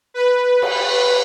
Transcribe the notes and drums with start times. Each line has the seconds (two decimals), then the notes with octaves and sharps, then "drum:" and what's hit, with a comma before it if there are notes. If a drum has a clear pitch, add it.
0.14 B4
0.62 drum: cymbal